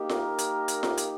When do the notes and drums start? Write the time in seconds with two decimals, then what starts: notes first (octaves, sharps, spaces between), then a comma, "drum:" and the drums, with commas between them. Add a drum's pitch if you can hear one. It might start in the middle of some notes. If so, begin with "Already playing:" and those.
Already playing: A#3 D#4 G4
0.09 A#4, drum: snare F4
0.39 drum: hi-hat
0.68 drum: hi-hat
0.83 drum: snare F4
0.98 drum: hi-hat